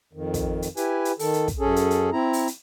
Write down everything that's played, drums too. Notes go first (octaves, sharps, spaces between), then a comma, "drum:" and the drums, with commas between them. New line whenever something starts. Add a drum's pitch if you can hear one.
F2 D#3
drum: kick, hi-hat
drum: hi-hat
E4 G4 B4 G#5, drum: hi-hat
drum: hi-hat
D#3 A4, drum: open hi-hat
drum: hi-hat
drum: kick, hi-hat
F#2 C#4 G#4 A4
drum: hi-hat
drum: hi-hat
C4 E4 A#5
drum: open hi-hat
drum: hi-hat